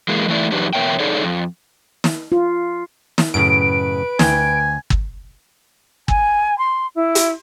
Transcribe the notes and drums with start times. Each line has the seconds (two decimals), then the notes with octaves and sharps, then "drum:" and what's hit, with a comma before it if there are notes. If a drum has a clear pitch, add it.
0.08 E3 G#3 A#3
0.28 E3 A3 E4 D5
0.52 F#2 E3 D4 D#4 G4 B4
0.73 E2 B2 A#4 C#5 E5 G5
1.00 D#4 G#4 A4 C#5 D5
1.23 F2
2.04 drum: snare
2.32 F4
3.18 drum: snare
3.34 F#2 A2 C#3 B4 D7
4.19 D2 G5 G#5, drum: snare
4.90 drum: kick
6.08 G#5, drum: kick
6.58 C6
6.95 E4
7.15 drum: hi-hat